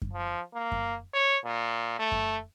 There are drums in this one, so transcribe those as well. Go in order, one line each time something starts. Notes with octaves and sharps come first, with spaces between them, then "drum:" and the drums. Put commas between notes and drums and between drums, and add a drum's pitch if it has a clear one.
drum: kick F#2
F3
A#3
drum: kick F#2
C#5
A#2
A3
drum: kick F#2